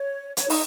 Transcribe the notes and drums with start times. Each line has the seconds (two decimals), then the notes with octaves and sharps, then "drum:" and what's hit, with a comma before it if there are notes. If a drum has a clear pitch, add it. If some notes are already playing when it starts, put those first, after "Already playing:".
Already playing: C#5
0.37 C#5, drum: hi-hat
0.50 D#4, drum: open hi-hat